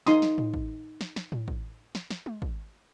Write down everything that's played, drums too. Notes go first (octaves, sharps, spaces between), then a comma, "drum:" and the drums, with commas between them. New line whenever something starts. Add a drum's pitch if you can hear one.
D#4 C6 D#6, drum: snare
drum: snare
drum: tom A2
drum: kick
drum: snare
drum: snare
drum: tom A2
drum: kick
drum: snare
drum: snare
drum: tom G#3
drum: kick